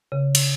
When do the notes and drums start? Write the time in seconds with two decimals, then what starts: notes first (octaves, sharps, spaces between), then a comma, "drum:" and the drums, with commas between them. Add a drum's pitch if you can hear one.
0.12 C#3
0.35 drum: cymbal